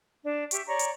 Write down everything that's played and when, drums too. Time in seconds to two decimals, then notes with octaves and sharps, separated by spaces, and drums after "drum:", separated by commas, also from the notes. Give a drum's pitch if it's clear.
0.24 D4
0.51 G4 E5 C#6, drum: hi-hat
0.66 C#5 D5 A#5 C#6
0.79 drum: hi-hat